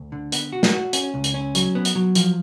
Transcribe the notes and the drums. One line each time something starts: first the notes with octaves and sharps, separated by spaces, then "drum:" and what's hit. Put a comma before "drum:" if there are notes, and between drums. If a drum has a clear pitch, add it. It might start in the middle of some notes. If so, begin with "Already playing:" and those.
Already playing: D2
D3
B3, drum: hi-hat
F#4
drum: snare
F#4
C#4, drum: hi-hat
C#2
drum: hi-hat
C#4
F#3, drum: hi-hat
B3
drum: hi-hat
F#3
F3, drum: hi-hat